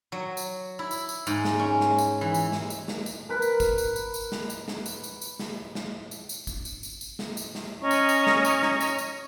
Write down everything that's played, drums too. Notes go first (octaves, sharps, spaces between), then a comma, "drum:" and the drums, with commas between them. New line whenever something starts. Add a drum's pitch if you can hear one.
F#3
drum: tambourine
E4
drum: tambourine
drum: tambourine
G#2, drum: tambourine
drum: snare
C#4
drum: snare
drum: tambourine
E3
drum: tambourine
drum: snare
drum: tambourine
drum: snare
drum: tambourine
A#4 B4
drum: tambourine
drum: kick, tambourine
drum: tambourine
drum: tambourine
drum: tambourine
drum: snare
drum: tambourine
drum: snare
drum: tambourine
drum: tambourine
drum: tambourine
drum: snare
drum: snare
drum: tambourine
drum: tambourine
drum: kick, tambourine
drum: tambourine
drum: tambourine
drum: tambourine
drum: snare
drum: tambourine
drum: snare
C#4 D#5 A#5 C#6
drum: tambourine
drum: tambourine
drum: snare
drum: tambourine
drum: snare
drum: tambourine
drum: tambourine